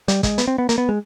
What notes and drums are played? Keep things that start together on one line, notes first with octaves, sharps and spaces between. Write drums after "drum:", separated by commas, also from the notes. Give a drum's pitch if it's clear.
G3, drum: hi-hat
G#3, drum: kick, hi-hat
B3, drum: hi-hat
C4
B3
A#3, drum: hi-hat
B3
G#3